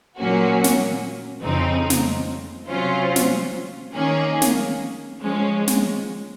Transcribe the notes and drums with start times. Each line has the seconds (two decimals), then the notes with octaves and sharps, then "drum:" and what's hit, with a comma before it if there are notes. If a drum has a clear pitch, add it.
0.17 A#2 F#3 A#3 C#4 F#4
0.64 drum: snare
1.42 F2 C#3 F3 C4 D#4
1.90 drum: snare
2.68 C3 F#3 C#4 F4 C5
3.16 drum: snare
3.94 D#3 A#3 C#4 G#4
4.42 drum: snare
5.21 F3 G#3 C#4
5.67 drum: snare